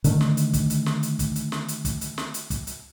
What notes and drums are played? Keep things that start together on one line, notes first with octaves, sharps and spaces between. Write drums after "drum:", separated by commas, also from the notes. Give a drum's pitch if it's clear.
D3 D#3 A3 D4, drum: hi-hat
drum: snare
drum: hi-hat
drum: kick, hi-hat
drum: hi-hat
drum: snare
drum: hi-hat
drum: kick, hi-hat
drum: hi-hat
drum: snare
drum: hi-hat
drum: kick, hi-hat
drum: hi-hat
drum: snare
drum: hi-hat
drum: kick, hi-hat
drum: hi-hat